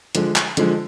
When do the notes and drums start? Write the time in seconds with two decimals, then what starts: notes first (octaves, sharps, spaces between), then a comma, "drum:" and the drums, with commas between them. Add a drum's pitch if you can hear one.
0.15 D3 F3 G#3, drum: hi-hat
0.36 drum: clap
0.57 D3 F3 G#3, drum: hi-hat